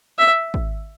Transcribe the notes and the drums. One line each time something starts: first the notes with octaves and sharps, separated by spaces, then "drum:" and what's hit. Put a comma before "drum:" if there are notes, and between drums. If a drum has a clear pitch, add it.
E5
drum: kick